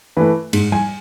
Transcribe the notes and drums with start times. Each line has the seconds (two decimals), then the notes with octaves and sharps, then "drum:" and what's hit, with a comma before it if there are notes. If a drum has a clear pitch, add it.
0.17 E3 A3 B4
0.53 G#2, drum: cymbal
0.72 G#5, drum: tom G3